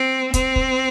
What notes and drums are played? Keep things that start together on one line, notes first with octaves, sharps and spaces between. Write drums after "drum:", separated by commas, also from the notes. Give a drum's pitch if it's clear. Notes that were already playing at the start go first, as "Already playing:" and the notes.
Already playing: C4
C4, drum: kick, hi-hat
drum: kick